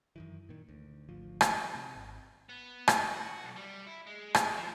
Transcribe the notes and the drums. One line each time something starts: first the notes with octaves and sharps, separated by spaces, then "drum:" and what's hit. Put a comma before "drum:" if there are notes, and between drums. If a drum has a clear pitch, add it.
F#2 D#3 E3
A#2 D#3
D2
G#1 D2 F3
drum: rim click
C3
G#1
B3
drum: rim click
F#4
B1
G3
E4
G#3
drum: rim click
F3